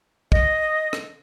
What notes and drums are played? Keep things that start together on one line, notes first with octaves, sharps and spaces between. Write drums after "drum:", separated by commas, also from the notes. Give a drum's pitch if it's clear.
D#5, drum: kick
drum: rim click